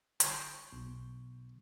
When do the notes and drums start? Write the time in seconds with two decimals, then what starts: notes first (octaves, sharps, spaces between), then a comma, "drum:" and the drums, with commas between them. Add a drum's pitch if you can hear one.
0.20 G5 C6 C#6, drum: hi-hat
0.72 B1